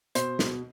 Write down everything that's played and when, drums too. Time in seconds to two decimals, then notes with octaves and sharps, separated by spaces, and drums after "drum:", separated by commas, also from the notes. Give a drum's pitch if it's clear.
0.15 B2 C5, drum: hi-hat
0.39 B2, drum: snare